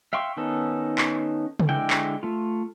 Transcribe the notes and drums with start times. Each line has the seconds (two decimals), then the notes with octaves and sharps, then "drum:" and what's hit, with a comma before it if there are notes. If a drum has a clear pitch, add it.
0.13 E5 F5 G5 C6 C#6
0.37 D#3 B3 C#4 D#4 A4
0.98 drum: clap
1.60 drum: tom C#3
1.69 D3 G#3 E4 G5
1.90 drum: clap
2.23 A3 F4